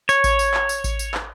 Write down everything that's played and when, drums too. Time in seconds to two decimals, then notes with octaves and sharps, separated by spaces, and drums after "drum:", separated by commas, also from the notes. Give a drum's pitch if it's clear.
0.09 C#5, drum: tambourine
0.24 drum: kick A1, tambourine
0.39 drum: tambourine
0.54 drum: clap
0.69 drum: tambourine
0.84 drum: kick A1, tambourine
0.99 drum: tambourine
1.14 drum: clap